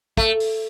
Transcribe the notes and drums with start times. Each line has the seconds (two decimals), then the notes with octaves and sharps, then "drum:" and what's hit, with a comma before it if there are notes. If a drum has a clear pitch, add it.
0.17 A3, drum: kick
0.40 drum: open hi-hat